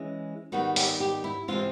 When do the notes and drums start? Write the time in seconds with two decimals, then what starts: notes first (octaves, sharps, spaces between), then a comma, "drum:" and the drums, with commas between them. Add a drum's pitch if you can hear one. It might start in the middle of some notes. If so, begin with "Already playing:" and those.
Already playing: E3 G#3 C#4
0.52 D#3 G3 B3 F#4
0.76 G4, drum: open hi-hat
1.00 G4
1.24 E4
1.48 C3 E3 G#3 C4 F4